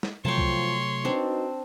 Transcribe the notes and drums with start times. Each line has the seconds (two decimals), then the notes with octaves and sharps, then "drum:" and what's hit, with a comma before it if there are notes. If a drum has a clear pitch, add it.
0.03 drum: snare
0.25 C3 F3 F#3 A3 C#5 G5 A5 C6
0.38 drum: kick C2
1.05 C4 D4 D#4 F#4 B4